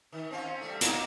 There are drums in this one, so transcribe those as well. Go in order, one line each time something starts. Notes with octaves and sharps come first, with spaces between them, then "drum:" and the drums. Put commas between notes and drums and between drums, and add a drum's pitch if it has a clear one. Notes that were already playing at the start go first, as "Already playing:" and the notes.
D#3
C4 C#4 F4
G3 A3
A#3 D#4, drum: hi-hat